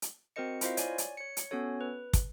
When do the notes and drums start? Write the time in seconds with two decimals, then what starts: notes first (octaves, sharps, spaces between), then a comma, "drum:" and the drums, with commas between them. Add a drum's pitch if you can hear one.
0.02 drum: hi-hat
0.36 C4 F#4 A#4 C5 D#5 C#7
0.61 E4 F4 C5 D#5 F5, drum: hi-hat
0.77 C#5 D5 G#5, drum: hi-hat
0.98 drum: hi-hat
1.17 C#5 C#7
1.37 drum: hi-hat
1.51 B3 C#4 F#4 A4 C#5
1.81 B4
2.13 drum: kick, hi-hat